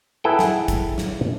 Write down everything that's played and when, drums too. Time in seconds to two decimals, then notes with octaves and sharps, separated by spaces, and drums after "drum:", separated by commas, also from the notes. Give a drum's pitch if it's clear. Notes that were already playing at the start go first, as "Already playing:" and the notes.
0.24 E4 G#4 A4 B4 F#5 G5
0.39 drum: snare
0.68 drum: kick, hi-hat
0.98 drum: snare